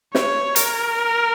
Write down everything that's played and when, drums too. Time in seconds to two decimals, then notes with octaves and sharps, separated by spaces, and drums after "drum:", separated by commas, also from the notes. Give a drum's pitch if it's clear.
0.15 C#5, drum: snare
0.56 A#4, drum: hi-hat